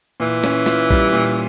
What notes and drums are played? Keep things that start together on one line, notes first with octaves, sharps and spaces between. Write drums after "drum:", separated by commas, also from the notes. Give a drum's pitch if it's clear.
A#2 E3
C#4, drum: snare
F4, drum: snare
G3, drum: kick A#1
A#2